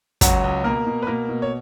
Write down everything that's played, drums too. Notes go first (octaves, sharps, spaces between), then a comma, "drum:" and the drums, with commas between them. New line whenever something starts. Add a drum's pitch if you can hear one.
C#2 F#3 F#4, drum: kick, hi-hat
C#2
B2 A#3 A#4
B2
B4
B2 A#3 A#4
B2
C#5